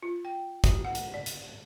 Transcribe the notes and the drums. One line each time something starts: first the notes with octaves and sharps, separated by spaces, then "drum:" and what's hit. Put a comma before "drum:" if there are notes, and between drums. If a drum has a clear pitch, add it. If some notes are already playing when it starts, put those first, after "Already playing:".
F4
G5
F#4, drum: kick, hi-hat
F#5
drum: hi-hat
D5
drum: hi-hat